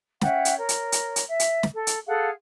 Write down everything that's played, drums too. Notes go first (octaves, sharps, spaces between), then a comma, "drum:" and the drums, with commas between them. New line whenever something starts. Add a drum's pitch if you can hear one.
C#4 E5 F#5 G5, drum: snare
drum: hi-hat
A#4 C#5
drum: hi-hat
drum: hi-hat
drum: hi-hat
E5
drum: hi-hat
drum: snare
A4
drum: hi-hat
G#4 A4 F5 F#5